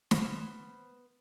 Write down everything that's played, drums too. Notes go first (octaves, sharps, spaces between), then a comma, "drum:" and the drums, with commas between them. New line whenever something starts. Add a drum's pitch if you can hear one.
B3 C5 F6, drum: snare